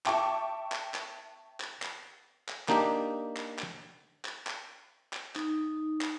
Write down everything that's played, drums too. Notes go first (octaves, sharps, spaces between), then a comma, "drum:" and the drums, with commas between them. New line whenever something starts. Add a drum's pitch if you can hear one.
E5 G5 A5 C#6 D6, drum: clap
drum: clap
drum: clap
drum: clap
drum: clap
drum: clap
A#3 D4 D#4 G4, drum: clap
drum: clap
drum: clap
drum: clap
drum: clap
drum: clap
D#4, drum: clap
drum: clap